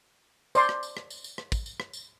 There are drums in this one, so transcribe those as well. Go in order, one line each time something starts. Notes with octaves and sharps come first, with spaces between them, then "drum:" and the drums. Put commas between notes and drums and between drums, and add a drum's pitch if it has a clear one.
C5 D5 C6, drum: tambourine
drum: rim click
drum: tambourine
drum: rim click
drum: tambourine
drum: tambourine
drum: rim click
drum: kick, tambourine
drum: tambourine
drum: rim click
drum: tambourine